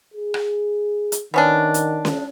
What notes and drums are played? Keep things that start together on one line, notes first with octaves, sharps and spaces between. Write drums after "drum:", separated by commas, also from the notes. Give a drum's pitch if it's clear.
G#4
drum: rim click
drum: hi-hat
D#3 B3 C#4 D4
drum: hi-hat
drum: snare C#4